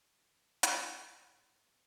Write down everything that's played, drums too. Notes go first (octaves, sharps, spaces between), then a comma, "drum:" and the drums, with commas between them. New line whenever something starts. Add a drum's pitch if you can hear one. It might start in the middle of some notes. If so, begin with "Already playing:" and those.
D#3
drum: hi-hat
G#2
A2 B3